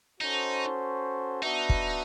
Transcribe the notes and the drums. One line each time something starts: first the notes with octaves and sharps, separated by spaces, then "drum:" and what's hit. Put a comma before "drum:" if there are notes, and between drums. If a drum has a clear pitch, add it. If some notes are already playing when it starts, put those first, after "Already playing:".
C#4 D#4 F#4 A4 C5
B3 D4 D#4 F#4 B4 E5
drum: kick